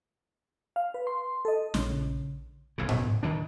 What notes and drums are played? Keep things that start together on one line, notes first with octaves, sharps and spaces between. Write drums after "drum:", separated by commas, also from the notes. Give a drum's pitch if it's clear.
F5
B4
C6
A4 D#5
A#1 C#3, drum: snare
F#1 B1 E2 C#3
drum: tom A2
D2 D#3 E3 D4